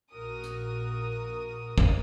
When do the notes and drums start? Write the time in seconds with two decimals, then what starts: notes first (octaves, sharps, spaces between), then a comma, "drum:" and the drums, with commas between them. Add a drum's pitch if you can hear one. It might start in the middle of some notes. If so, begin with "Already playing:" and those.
0.11 A#1 F#4 A#4 D#6
0.43 drum: hi-hat
1.78 drum: kick